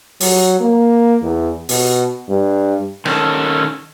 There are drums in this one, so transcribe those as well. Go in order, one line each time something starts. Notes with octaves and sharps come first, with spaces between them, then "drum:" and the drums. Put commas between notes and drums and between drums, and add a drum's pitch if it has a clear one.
F#3, drum: open hi-hat
A#3
E2
B2, drum: open hi-hat
G2
D#3 C#4 A4, drum: rim click